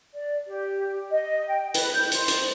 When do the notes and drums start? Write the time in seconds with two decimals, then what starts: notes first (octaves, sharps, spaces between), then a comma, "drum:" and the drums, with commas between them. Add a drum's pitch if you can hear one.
0.14 D5
0.48 G4
1.11 D#5
1.49 G5
1.74 B4, drum: hi-hat
1.94 G6
2.12 C5, drum: hi-hat
2.28 drum: hi-hat